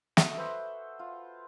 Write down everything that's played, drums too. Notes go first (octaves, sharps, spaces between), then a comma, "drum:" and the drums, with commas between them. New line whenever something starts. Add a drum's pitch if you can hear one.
F#4 A4 D#5 E5, drum: snare
B4 C5 E5
F4